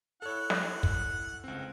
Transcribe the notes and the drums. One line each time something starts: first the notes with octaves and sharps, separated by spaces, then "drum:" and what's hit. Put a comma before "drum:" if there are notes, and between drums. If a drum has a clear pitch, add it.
E4 A4 C#5 F#5
drum: snare
drum: kick
C#2 C4